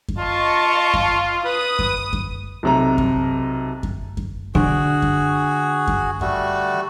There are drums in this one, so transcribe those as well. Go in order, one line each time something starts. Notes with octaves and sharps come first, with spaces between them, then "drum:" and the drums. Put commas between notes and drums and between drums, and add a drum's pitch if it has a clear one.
drum: kick F#2
F4 D#5 A5 C#6
drum: kick F#2
B4 D#6
drum: kick F#2
drum: kick F#2
B1 C3 A#5
drum: kick F#2
drum: kick F#2
drum: kick F#2
D3 F#4 G#4
drum: kick F#2
drum: kick F#2
G3 A3 F#4, drum: kick F#2